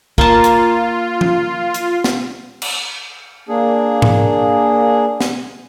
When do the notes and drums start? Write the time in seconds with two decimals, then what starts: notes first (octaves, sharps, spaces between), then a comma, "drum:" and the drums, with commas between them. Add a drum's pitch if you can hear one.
0.18 A#3 F4 A5, drum: kick
0.44 drum: hi-hat
1.21 drum: tom F3
1.74 drum: hi-hat
2.04 drum: snare
2.62 drum: cymbal
3.49 A#3 D4 G#4
4.02 drum: tom G#2
5.21 drum: snare